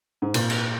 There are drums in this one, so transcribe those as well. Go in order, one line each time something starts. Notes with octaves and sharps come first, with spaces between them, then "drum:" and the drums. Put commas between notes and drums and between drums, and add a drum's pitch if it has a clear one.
G#2
A#2, drum: cymbal
drum: cymbal